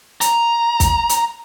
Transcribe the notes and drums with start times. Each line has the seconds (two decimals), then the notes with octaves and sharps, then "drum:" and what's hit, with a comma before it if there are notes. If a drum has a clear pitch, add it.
0.21 A#5, drum: hi-hat
0.80 drum: kick, hi-hat
1.09 drum: hi-hat